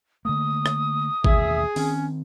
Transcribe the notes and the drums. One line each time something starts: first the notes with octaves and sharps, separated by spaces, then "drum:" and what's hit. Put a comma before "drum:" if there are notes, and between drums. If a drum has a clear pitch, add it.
D3 A3 A#3 D#6
drum: rim click
A1 D#2 B2 G#4 E5, drum: kick G#1
D#3 C4 C#4, drum: open hi-hat